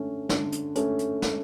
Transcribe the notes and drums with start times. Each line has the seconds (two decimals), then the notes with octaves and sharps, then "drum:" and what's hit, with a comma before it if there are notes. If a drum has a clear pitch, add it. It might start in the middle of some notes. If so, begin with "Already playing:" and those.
Already playing: D3 A3 C#4
0.29 D3, drum: snare
0.52 drum: hi-hat
0.75 A3 C#4, drum: hi-hat
0.99 drum: hi-hat
1.22 drum: snare